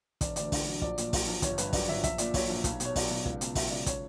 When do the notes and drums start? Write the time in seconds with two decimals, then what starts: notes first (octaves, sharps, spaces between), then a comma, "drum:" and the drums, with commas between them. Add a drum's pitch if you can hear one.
0.21 E1 D5, drum: kick, hi-hat
0.36 D2 D5, drum: hi-hat
0.52 D3, drum: kick, open hi-hat
0.67 F#3
0.82 A#1 D5, drum: kick
0.98 A#2, drum: hi-hat
1.13 F#3, drum: kick, open hi-hat
1.28 A#1
1.42 G1 C#5, drum: kick, hi-hat
1.58 G2 B4, drum: hi-hat
1.73 F#3 D5, drum: kick, open hi-hat
1.89 G1 E5
2.04 A#1 E5, drum: kick, hi-hat
2.18 A#2 D5, drum: hi-hat
2.34 F#3 C#5, drum: kick, open hi-hat
2.50 A#1
2.64 B1, drum: kick, hi-hat
2.80 B2 C#5, drum: hi-hat
2.96 F#3 D5, drum: kick, open hi-hat
3.10 B1
3.25 C#2, drum: kick
3.41 B2, drum: hi-hat
3.55 F#3 E5, drum: kick, open hi-hat
3.71 C#2 D5
3.86 C#5, drum: kick, hi-hat